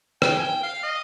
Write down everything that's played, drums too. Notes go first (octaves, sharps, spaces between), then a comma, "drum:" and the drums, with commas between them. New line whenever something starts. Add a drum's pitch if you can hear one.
G5, drum: rim click
G#5
G5
F5
D#5